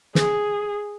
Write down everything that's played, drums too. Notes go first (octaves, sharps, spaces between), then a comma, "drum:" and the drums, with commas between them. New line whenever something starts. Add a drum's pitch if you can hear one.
G#4, drum: snare